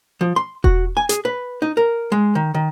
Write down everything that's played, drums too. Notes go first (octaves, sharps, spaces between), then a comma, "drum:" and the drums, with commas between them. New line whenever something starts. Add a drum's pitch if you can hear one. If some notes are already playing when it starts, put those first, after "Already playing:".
F3
C6
F#4, drum: kick E1
G#5
G#4, drum: hi-hat
B4
D#4
A#4
G#3
D#3
D#3